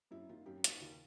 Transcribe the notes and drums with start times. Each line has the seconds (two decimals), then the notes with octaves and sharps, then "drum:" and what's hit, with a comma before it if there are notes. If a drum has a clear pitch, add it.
0.11 F#2 E4
0.29 D#3 F4
0.46 F#2 G4
0.57 F#4
0.64 D#3 F4, drum: hi-hat
0.81 D#2 F4